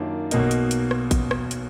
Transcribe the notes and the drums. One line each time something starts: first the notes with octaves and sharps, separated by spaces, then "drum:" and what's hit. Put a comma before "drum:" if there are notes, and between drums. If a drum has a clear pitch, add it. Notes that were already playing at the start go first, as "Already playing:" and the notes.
Already playing: F#2 D#3 A#3 D4 F4
B1 B2 A#3 D#4, drum: hi-hat
drum: hi-hat
drum: hi-hat
drum: rim click
drum: kick A1, hi-hat
drum: rim click
drum: hi-hat